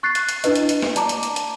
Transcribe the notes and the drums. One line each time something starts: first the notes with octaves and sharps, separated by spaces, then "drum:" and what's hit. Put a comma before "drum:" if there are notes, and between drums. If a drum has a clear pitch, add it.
C#6 F#6 A6 C7
drum: hi-hat
drum: hi-hat
D4 E4 B4 D#5, drum: hi-hat
drum: hi-hat
drum: hi-hat
drum: snare
D5 A5 A#5 D6, drum: hi-hat
drum: hi-hat
drum: hi-hat
drum: hi-hat